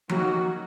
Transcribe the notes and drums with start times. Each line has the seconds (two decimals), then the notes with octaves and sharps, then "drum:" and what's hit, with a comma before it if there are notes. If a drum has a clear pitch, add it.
0.09 D#3 F#3 A#3 C#4 F#4, drum: tom F3